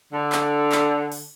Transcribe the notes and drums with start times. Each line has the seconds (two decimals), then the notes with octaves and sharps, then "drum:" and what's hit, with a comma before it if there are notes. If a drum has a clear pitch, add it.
0.12 D3
0.32 drum: clap
0.72 drum: clap
1.12 drum: open hi-hat